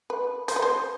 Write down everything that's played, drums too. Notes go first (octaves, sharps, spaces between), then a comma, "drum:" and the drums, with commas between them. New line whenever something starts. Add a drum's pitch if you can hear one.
B4
C5, drum: hi-hat
B4
C5